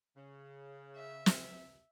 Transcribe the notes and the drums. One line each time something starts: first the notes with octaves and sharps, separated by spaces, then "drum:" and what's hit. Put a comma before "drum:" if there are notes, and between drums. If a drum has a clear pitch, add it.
C#3
E5
drum: snare